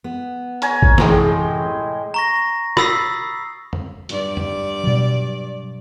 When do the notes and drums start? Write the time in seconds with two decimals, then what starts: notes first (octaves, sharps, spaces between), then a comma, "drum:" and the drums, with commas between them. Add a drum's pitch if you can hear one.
0.04 B3
0.62 A#4 C#5 G#5, drum: hi-hat
0.82 drum: kick A1
0.98 F#2 A2 C3 E3 G#3 G5, drum: snare
2.14 A#5 C#6 A#6
2.77 B5 D#6 E6 A6 B6 C7, drum: rim click
3.73 drum: tom F2
4.09 G2 D5, drum: hi-hat
4.37 drum: tom F2
4.84 B2 F#3